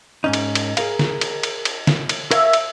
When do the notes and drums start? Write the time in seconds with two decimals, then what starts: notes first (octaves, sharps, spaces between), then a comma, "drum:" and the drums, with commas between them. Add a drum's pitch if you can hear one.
0.24 G#2 C#4 D#4
0.33 drum: cymbal
0.55 drum: cymbal
0.77 G#4 A#4 F5, drum: cymbal
0.99 drum: snare
1.21 drum: cymbal
1.43 drum: cymbal
1.65 drum: cymbal
1.87 drum: snare
2.09 drum: cymbal
2.31 A#4 C#5 E5 F5 E6, drum: cymbal
2.53 drum: cymbal